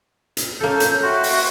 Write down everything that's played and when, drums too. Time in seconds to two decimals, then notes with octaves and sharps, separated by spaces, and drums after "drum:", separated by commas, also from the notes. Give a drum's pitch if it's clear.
0.37 drum: hi-hat
0.60 A#3 C#4 A4 G6
0.80 drum: hi-hat
1.02 F#4 E5 G5 C6
1.23 drum: open hi-hat